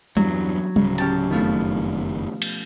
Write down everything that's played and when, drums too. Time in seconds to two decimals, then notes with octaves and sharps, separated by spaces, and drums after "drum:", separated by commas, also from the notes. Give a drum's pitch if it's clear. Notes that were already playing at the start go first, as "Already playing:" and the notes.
0.17 E2 G2 F#3, drum: tom G3
0.76 D1 C#3, drum: tom G3
0.98 C#4 G4 A5, drum: hi-hat
1.30 F#1 F2 B2 D#3 F3 A3
2.42 drum: cymbal